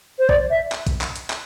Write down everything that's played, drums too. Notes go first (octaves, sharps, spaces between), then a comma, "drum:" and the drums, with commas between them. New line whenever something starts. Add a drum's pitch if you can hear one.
C5
D5, drum: kick
E5
drum: clap
drum: kick, hi-hat
drum: clap
drum: hi-hat
drum: clap